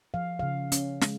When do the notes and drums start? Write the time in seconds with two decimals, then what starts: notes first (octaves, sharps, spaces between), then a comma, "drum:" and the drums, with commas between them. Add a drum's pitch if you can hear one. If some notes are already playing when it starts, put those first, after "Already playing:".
0.14 F3 F5
0.39 C#3 F5
0.72 C#4, drum: hi-hat
1.01 G#3, drum: snare